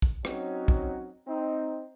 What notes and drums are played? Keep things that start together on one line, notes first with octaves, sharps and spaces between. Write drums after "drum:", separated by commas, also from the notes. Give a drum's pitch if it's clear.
drum: kick
F#3 C4 C#4 D#4 F#4, drum: rim click
drum: kick
C4 D#4